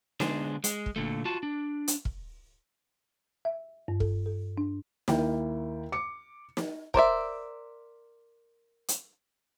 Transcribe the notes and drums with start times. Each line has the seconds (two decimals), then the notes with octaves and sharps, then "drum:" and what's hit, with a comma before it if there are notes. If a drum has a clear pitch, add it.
0.20 D3 G#3 B3 D4 G#4 C5, drum: snare
0.64 G#3, drum: hi-hat
0.86 drum: kick
0.96 A#2 D3 A3
1.25 F4 F#4 A5
1.43 D4
1.88 drum: hi-hat
2.05 drum: kick
3.45 E5
3.88 G2
4.00 A4, drum: kick
4.26 A4
4.58 D4
5.08 D#2 A#3 E4 G5, drum: snare
5.92 D6 C#7
6.57 drum: snare
6.94 A#4 C5 D5 E5, drum: kick
8.88 drum: hi-hat